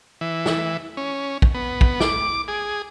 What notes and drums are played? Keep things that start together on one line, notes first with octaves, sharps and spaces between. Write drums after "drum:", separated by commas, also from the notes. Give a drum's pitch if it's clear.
E3
drum: snare
C#4
drum: kick
B3
drum: kick
D6, drum: snare
G#4